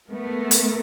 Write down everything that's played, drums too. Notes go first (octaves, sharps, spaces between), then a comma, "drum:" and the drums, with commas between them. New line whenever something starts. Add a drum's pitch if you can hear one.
A3 B3 A#4
drum: hi-hat